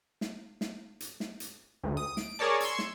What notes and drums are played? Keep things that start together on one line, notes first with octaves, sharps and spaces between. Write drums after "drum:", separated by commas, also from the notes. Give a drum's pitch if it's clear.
drum: snare
drum: snare
drum: hi-hat
drum: snare
drum: hi-hat
D2
D#6
D7, drum: snare
G#4 A#4 C#5 D5 A5
C6 C#6 E6 G#6, drum: hi-hat
drum: snare